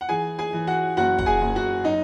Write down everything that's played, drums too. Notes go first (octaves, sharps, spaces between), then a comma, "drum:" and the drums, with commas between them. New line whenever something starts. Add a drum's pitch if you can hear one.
F#5
E3 G#4 G#5
G#4 G#5
E3
F#4 F#5
F#1 F#4 F#5
F#5, drum: kick
G#4 G#5
F#1
F#4 F#5
F#3 D#4 D#5